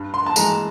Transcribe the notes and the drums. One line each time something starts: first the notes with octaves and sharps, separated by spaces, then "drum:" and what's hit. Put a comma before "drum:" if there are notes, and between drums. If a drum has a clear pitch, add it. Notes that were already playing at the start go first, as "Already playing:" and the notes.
Already playing: G2
C6
A5
E3 G#3 A#5, drum: tambourine